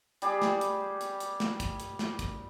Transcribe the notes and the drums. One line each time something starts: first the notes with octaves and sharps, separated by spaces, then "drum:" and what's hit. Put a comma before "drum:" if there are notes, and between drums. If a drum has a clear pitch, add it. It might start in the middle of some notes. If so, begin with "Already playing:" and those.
G3 G4 G#4, drum: hi-hat
drum: snare
drum: hi-hat
drum: hi-hat
drum: hi-hat
drum: snare
drum: kick, hi-hat
drum: hi-hat
drum: snare
drum: kick, hi-hat